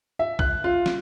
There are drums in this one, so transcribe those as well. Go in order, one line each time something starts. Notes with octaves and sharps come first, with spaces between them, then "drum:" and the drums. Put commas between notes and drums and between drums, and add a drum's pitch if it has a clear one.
E5
F#6, drum: kick
F4
drum: snare